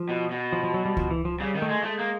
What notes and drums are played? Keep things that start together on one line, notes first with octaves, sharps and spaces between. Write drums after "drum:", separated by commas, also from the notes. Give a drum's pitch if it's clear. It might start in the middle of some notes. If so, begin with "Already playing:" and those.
Already playing: F3
B2
B2
F3
F3
F#3
G3
F3, drum: kick C#2
E3
F3
C#3 G3
D#3
A3
G#3
G#3 A3
A#3